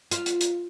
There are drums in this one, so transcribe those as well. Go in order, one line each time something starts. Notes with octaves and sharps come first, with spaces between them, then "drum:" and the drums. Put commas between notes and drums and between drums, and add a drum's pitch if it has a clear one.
F4, drum: hi-hat
drum: hi-hat
drum: hi-hat